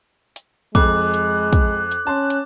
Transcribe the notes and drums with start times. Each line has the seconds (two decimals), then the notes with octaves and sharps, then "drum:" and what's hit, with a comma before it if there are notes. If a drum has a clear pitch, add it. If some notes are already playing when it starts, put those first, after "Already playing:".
0.36 drum: hi-hat
0.75 F2 G#3 D6 F#6, drum: kick, hi-hat
1.14 drum: hi-hat
1.53 drum: kick, hi-hat
1.91 drum: hi-hat
2.07 C#4 A5 C6
2.30 drum: hi-hat